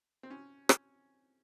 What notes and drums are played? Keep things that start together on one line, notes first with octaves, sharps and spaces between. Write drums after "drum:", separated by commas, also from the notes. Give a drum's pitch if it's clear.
C4
C#4
drum: rim click